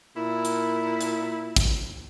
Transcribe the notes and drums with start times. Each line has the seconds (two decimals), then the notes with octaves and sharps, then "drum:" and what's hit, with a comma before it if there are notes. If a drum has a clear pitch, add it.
0.17 A#2 E4
0.45 drum: hi-hat
1.01 drum: hi-hat
1.56 drum: kick, hi-hat